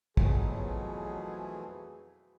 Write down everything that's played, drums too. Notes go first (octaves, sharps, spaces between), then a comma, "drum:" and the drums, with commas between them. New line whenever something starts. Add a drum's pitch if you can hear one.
F2 B2 E3 F#3 A3 G#4, drum: kick